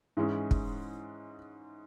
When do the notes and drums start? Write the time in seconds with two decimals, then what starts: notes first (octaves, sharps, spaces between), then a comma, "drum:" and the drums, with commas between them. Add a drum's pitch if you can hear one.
0.17 G#2 E3 G#3 C#4
0.51 drum: kick